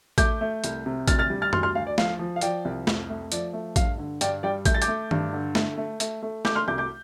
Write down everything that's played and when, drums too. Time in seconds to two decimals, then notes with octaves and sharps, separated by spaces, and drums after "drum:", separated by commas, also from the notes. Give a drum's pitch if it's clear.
0.18 A3 D6 G6, drum: kick A1, hi-hat
0.41 A3
0.64 C2, drum: hi-hat
0.86 C3
1.08 D2 F6 A6, drum: kick A1, hi-hat
1.19 F6 A6
1.30 G3
1.42 F6 A6
1.53 D2 C6 F6, drum: tom F#2
1.63 C6 F6
1.75 D2 F5
1.87 D5
1.98 F3 F5, drum: snare
2.19 F3
2.36 F5
2.41 F3 D5 G5, drum: hi-hat
2.65 C2
2.87 F2, drum: snare
3.10 A3
3.32 F3 D5, drum: hi-hat
3.53 A3
3.76 G2 F5, drum: kick A1, hi-hat
3.98 D3
4.21 G2 D5 G5, drum: hi-hat
4.43 G3 D5 G5
4.65 A3 G6, drum: kick A1, hi-hat
4.74 A6
4.82 D6 G6, drum: hi-hat
4.88 A3
5.11 G2, drum: tom D#3
5.33 D3
5.55 A3, drum: snare
5.78 A3
6.00 A3, drum: hi-hat
6.23 A3
6.45 A3 D6 G6, drum: snare
6.55 C6 F6
6.67 C2 D6 G6
6.78 D6 G6